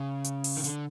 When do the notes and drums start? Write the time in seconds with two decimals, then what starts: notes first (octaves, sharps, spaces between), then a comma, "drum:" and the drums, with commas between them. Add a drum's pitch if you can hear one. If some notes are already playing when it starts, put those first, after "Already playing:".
Already playing: C#3
0.24 drum: hi-hat
0.44 drum: open hi-hat
0.57 D#3
0.64 D3, drum: hi-hat